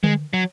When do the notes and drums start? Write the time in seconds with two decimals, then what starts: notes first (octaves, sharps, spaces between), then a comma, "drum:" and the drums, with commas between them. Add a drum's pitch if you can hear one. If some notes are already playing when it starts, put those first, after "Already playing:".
0.04 G#3, drum: tom D3
0.33 F#3